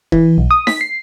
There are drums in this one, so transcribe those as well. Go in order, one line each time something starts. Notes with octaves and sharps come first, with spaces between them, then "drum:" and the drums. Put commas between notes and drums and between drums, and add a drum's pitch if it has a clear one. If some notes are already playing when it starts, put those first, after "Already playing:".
E3, drum: kick E1
B1
D#6
B6, drum: snare D#4
C7